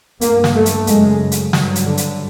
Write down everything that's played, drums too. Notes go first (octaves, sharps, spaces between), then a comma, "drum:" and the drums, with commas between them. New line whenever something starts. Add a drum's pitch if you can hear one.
G2 A#3, drum: hi-hat
drum: snare
A3
drum: hi-hat
F#2 C#3 G#3, drum: hi-hat
drum: hi-hat
G2 F#3, drum: snare
drum: hi-hat
D3
drum: hi-hat